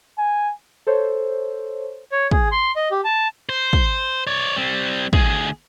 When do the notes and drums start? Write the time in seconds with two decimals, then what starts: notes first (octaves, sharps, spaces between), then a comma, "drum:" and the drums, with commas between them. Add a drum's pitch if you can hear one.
0.18 G#5
0.87 A4 C5 C#5
2.12 C#5
2.31 G#4, drum: kick
2.52 C6
2.76 D#5
2.91 G4
3.04 A5
3.49 C5
3.73 drum: kick
4.27 C#5 D5
4.57 G3 C4
5.13 D2 G#4, drum: kick